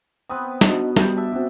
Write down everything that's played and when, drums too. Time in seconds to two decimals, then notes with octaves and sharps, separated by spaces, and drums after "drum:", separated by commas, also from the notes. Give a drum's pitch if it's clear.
0.30 B3 C4 B4 D#6
0.61 B2 D4 D#4 F#4, drum: snare
0.97 G3 G6, drum: snare
1.16 D4 E5
1.32 C4 F#4